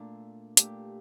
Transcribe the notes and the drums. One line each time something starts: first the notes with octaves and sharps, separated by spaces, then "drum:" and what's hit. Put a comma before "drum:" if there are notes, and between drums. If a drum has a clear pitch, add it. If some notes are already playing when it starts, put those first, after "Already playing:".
Already playing: A#2 A3 D4
A#2 A3 D4 G4, drum: hi-hat